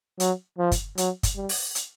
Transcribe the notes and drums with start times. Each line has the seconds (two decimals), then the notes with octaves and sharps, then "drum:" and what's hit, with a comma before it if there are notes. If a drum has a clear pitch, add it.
0.20 F#3, drum: hi-hat
0.59 F3
0.72 drum: kick, hi-hat
0.98 F#3, drum: hi-hat
1.23 drum: kick, hi-hat
1.36 G3
1.49 drum: open hi-hat
1.75 drum: hi-hat